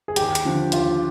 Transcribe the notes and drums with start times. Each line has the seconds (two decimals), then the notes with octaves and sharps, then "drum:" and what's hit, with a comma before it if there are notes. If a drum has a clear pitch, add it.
0.08 G#4
0.16 D#2 G4, drum: hi-hat
0.35 drum: hi-hat
0.45 D3 F3
0.72 D#2 F4, drum: hi-hat